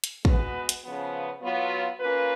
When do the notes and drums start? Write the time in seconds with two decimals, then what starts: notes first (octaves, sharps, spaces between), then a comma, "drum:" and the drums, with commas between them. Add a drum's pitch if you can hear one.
0.04 drum: hi-hat
0.25 G#3 B3 F#4 B4, drum: kick
0.69 drum: hi-hat
0.84 C#3 F3 B3
1.42 F#3 B3 F4
2.00 A#3 C#4 F4 B4